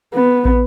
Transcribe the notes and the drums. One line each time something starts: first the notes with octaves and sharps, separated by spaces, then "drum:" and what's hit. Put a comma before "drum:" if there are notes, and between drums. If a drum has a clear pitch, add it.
B3
drum: kick